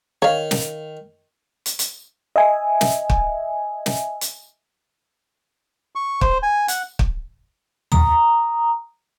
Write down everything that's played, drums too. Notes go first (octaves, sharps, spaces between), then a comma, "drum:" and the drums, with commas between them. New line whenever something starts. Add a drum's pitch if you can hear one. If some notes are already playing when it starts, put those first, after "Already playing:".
D#3 C#5 F5
drum: snare
drum: hi-hat
drum: hi-hat
D#5 E5 G#5
drum: snare
drum: kick
drum: snare
drum: hi-hat
C#6
C5, drum: kick
G#5
F#5, drum: hi-hat
drum: kick
A#5 D#6, drum: tom